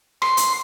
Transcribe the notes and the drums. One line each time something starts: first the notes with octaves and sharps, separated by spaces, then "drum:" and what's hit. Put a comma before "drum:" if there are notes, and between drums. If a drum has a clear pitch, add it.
C6, drum: rim click
drum: hi-hat